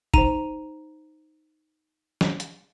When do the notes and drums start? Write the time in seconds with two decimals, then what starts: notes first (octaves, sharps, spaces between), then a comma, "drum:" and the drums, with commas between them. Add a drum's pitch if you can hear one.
0.14 D#4 C5 A#5 D#7, drum: kick
2.21 drum: snare
2.40 drum: hi-hat